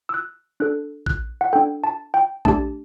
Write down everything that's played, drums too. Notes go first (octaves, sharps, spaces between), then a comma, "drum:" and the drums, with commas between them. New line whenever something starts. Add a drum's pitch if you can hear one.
E6
F#6
D4 A4 F#6
F#6, drum: kick A#1
F#5
D4 A4 G5
A5
G5
A3 D4 G4 A5, drum: kick A#1